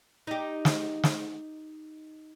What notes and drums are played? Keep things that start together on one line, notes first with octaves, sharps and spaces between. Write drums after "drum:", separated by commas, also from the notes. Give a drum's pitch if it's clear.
D#4 G4
drum: snare
drum: snare